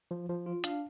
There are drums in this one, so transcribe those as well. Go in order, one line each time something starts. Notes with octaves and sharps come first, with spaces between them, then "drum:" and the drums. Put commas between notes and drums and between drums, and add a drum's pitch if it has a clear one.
F3
F3
F4
D4 F5, drum: hi-hat